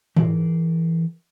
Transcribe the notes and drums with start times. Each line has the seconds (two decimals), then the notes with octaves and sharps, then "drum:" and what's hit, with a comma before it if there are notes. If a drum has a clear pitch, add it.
0.17 E3 G#4 A#4, drum: tom